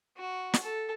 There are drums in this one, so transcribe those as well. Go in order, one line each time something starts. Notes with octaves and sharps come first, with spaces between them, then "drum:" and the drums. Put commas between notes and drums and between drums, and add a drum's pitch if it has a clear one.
F#4
drum: snare
A4